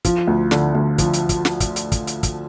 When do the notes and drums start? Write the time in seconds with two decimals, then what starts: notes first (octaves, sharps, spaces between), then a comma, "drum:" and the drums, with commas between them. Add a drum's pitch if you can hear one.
0.05 F3, drum: kick, hi-hat
0.27 D2
0.51 D3, drum: snare
0.75 D2
0.98 F3, drum: kick, hi-hat
1.14 drum: hi-hat
1.29 drum: kick, hi-hat
1.45 drum: snare
1.60 drum: kick, hi-hat
1.76 drum: hi-hat
1.92 drum: kick, hi-hat
2.07 drum: hi-hat
2.23 drum: kick, hi-hat